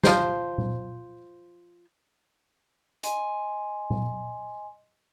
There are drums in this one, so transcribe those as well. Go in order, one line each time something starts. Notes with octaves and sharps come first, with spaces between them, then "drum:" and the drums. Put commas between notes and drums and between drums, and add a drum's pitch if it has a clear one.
F3 C5, drum: snare
drum: tom A#2
D#5 G#5 C6, drum: hi-hat
drum: tom A#2